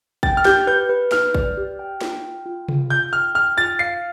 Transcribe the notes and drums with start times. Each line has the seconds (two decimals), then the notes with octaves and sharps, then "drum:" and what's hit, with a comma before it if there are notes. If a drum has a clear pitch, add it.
0.23 G5 A6, drum: kick
0.37 F6
0.45 G4 G6, drum: snare
0.67 B4 G6
0.89 B4
1.12 B4 F6, drum: snare
1.34 D5, drum: kick
1.57 G4
1.79 G5
2.01 F4, drum: snare
2.24 G5
2.46 F4
2.68 F4, drum: tom C3
2.90 F4 G6
3.13 G5 F6
3.35 G5 F6
3.57 F4 A6
3.79 F5 C7